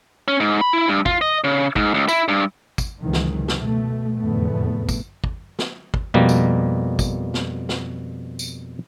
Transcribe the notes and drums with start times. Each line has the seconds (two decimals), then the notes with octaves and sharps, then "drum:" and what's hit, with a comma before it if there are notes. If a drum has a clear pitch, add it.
0.28 C#4
0.40 G#2
0.61 B5
0.73 E4
0.88 G2
1.06 F4, drum: kick
1.21 D#5
1.44 C#3
1.76 G#2, drum: kick
1.94 C#2
2.09 E4, drum: tambourine
2.28 G2
2.78 drum: kick, tambourine
3.01 C#2 F#2 C3 D#3 E3
3.13 drum: snare
3.48 drum: snare
3.58 B2 A3
4.18 F1 E2 A2 D3 A3 B3
4.89 drum: kick, tambourine
5.24 drum: kick
5.59 drum: snare
5.94 drum: kick
6.14 F2 B2 G3 A#3
6.29 drum: tambourine
6.99 drum: kick, tambourine
7.34 drum: snare
7.69 drum: snare
8.39 drum: tambourine